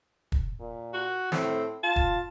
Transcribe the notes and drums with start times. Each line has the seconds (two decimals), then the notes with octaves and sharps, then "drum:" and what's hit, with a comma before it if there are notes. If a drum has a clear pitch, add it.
0.32 drum: kick
0.60 A#2
0.94 F#4
1.32 A2 C4, drum: snare
1.83 F4 A5
1.96 drum: kick